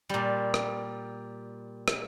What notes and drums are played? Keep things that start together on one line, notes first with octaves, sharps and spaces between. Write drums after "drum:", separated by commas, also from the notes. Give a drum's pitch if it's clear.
A#2 G3
drum: rim click
drum: rim click